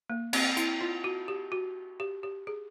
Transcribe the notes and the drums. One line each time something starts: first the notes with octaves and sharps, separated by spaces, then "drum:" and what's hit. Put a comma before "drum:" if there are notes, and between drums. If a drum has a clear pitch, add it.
A#3
C4, drum: cymbal
E4, drum: hi-hat
F4
F#4
G4
F#4
G4
G4
G#4